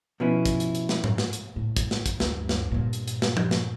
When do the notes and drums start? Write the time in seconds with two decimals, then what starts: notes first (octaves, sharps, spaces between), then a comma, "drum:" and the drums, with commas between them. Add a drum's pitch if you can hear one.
0.20 B2 F3 B3 C#4 E4
0.46 drum: kick, hi-hat
0.60 drum: hi-hat
0.75 drum: hi-hat
0.89 drum: snare
1.04 drum: tom G#2
1.18 drum: snare
1.33 drum: hi-hat
1.56 A2
1.77 drum: kick, hi-hat
1.91 drum: snare
2.06 drum: kick, hi-hat
2.20 D1 G2, drum: snare
2.49 drum: snare
2.71 G2 A#2
2.93 drum: hi-hat
3.08 drum: hi-hat
3.22 drum: snare
3.37 drum: tom F3
3.51 drum: snare